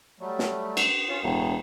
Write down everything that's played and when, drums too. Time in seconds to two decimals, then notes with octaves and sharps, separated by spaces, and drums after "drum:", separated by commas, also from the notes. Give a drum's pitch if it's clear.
0.20 F#3 G3 A3
0.39 drum: snare
0.77 drum: cymbal
1.08 C#4 F4
1.22 E1 A2